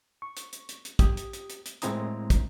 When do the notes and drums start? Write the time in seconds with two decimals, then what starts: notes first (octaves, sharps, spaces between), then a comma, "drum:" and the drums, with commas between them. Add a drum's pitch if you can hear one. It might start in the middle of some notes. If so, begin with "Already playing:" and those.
0.22 C#6
0.37 drum: hi-hat
0.53 drum: hi-hat
0.69 drum: hi-hat
0.85 drum: hi-hat
0.99 G4 D#6, drum: kick, hi-hat
1.17 drum: hi-hat
1.33 drum: hi-hat
1.50 drum: hi-hat
1.66 drum: hi-hat
1.82 A2 G#3 C4 E4 A#5 D#6, drum: hi-hat
2.30 drum: kick, hi-hat